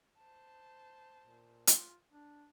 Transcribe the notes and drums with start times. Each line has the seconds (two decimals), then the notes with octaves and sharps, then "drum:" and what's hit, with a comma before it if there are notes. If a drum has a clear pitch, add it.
0.17 C5 A5
1.24 A#2
1.67 F4, drum: hi-hat
2.12 D4